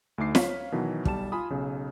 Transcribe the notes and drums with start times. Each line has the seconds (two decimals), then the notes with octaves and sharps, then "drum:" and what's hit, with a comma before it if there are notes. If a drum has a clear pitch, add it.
0.18 D2 A3 D#4 D6 C7
0.35 C#5 F5 B6, drum: snare
0.72 B2 D#3 E3 F#3
1.05 B1 G3 A5 E7, drum: kick
1.32 F4 G#5 B5 D#6
1.50 B1 C#3